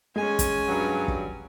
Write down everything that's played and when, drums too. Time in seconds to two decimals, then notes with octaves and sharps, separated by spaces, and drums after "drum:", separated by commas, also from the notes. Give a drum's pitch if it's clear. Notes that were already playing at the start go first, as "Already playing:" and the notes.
0.16 G#3 C#4 G#5
0.39 drum: kick, hi-hat
0.68 G2 F#3
1.08 drum: kick